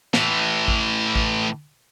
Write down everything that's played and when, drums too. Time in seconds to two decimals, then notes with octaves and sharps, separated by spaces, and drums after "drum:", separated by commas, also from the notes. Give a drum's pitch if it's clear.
0.14 A2 E3, drum: snare
0.68 drum: kick A1
1.15 drum: kick A1